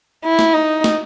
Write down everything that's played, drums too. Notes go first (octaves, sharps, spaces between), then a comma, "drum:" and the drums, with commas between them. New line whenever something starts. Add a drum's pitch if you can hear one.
E4
drum: snare
D#4
drum: snare